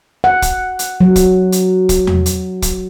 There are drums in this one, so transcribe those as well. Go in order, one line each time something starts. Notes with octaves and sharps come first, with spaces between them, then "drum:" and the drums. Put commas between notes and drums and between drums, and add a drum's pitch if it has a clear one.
F#5
drum: kick, hi-hat
drum: hi-hat
F#3
drum: kick, hi-hat
drum: hi-hat
drum: kick, hi-hat
drum: tom E2
drum: hi-hat
drum: kick, hi-hat